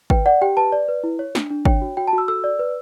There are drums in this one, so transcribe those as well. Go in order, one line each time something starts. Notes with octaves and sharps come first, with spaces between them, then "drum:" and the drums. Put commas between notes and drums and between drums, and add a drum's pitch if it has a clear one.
B4 G5, drum: kick
D5 F#5
G4 G5
B4 A5
D5
B4
E4
C#5
D4, drum: snare
D4
C#5 G5, drum: kick
F#4
F#4 G5
A5
F#4
E6
A4 E6
D5
B4